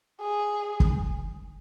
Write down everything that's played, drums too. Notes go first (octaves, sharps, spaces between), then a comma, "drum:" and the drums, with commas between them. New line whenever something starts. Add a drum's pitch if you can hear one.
G#4
drum: kick F#1